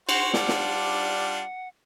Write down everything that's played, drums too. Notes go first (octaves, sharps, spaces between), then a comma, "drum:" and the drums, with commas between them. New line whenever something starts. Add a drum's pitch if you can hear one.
F#4 C5 F#5, drum: cymbal
G3 D4 F4, drum: snare
drum: snare